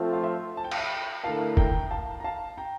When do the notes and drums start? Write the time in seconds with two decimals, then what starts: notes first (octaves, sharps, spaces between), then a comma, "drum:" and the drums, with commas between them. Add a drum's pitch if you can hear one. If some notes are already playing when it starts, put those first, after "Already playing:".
Already playing: F3 A3 C4 F4
0.13 F5
0.23 C5 E5
0.57 A5
0.64 G5
0.71 F5, drum: cymbal
0.78 E5 G5
1.24 D3 A3 E4 A#4 F5 A5
1.57 G5 A#5, drum: kick
1.91 F5 A5
2.20 A#5
2.24 F5 A5
2.58 G5 A#5